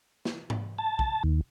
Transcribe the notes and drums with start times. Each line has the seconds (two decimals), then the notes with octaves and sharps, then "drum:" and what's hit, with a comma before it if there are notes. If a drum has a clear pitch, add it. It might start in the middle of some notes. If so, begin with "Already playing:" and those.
0.25 drum: snare
0.50 drum: tom G#2
0.78 A5
0.99 drum: kick
1.24 D#2